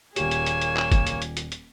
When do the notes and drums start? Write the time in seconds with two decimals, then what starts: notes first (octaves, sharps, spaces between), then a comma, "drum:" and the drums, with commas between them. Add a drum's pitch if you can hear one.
0.16 D#1 A#3 G4 G#4 C#5 G#5 E7, drum: hi-hat
0.31 drum: hi-hat
0.46 drum: hi-hat
0.61 drum: hi-hat
0.77 drum: clap
0.92 drum: kick, hi-hat
1.07 drum: hi-hat
1.22 drum: hi-hat
1.37 drum: hi-hat
1.52 drum: hi-hat